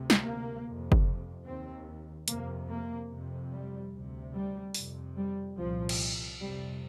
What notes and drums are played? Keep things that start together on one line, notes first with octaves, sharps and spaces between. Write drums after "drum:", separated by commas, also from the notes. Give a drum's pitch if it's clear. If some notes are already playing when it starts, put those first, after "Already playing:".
Already playing: D2 C3
drum: snare
A#3
F2 C3
drum: kick F#1
D#2 C4
F2 C3 A#3, drum: hi-hat
A#3
F2 C3
G3
D2 C3
G3
F2 C3, drum: open hi-hat
G3
C2 A#2 F3
drum: cymbal
F2 C3 G3